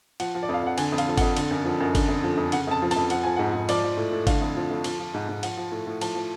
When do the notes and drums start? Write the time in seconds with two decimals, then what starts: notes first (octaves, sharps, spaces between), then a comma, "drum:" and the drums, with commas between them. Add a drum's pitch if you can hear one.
0.20 F3 F#5, drum: cymbal
0.35 F3
0.43 D5
0.49 F2 F5
0.63 F2 F#5
0.78 D3 G#5, drum: cymbal
0.92 F2
0.98 F5, drum: cymbal
1.08 F3
1.18 F2 F#5, drum: kick G1, cymbal
1.37 D3, drum: cymbal
1.51 F#2
1.65 F3
1.80 F#2
1.95 D3, drum: kick G1, cymbal
2.09 F2
2.23 F3
2.37 F2
2.52 C#3 F#5, drum: cymbal
2.67 F2 A5
2.82 F3
2.91 A5, drum: cymbal
2.96 F2
3.10 F3 F#5, drum: cymbal
3.24 F3 G#5
3.37 G#2 F#5
3.54 G#2
3.69 F3 D5, drum: cymbal
3.83 F3
3.97 A2
4.12 A2
4.27 D3 F5, drum: kick G1, cymbal
4.42 F2
4.56 F3
4.71 F2
4.84 F3, drum: cymbal
5.00 F3
5.14 G#2
5.29 G#2
5.43 F3 F#5, drum: cymbal
5.57 F3
5.72 A2
5.87 A2
6.01 F3 A5, drum: cymbal
6.15 F3